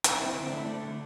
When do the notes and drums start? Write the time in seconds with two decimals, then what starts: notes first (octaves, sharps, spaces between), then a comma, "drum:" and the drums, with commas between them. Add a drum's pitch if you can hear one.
0.04 drum: hi-hat
0.15 C4 E4
0.33 D3 C4
0.50 A3 D4
0.57 E4
0.65 A3 D4
0.82 D3